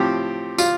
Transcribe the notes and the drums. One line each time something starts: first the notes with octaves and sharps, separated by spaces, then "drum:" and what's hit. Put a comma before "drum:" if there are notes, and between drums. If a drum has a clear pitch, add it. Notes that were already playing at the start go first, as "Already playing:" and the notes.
Already playing: A2 F3 C4 G4
F4, drum: tambourine